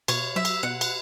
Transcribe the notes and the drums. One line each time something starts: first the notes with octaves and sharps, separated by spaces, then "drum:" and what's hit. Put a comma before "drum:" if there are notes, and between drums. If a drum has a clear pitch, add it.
B2 C#5, drum: cymbal
F#3 E5
drum: cymbal
B2 F#5
drum: cymbal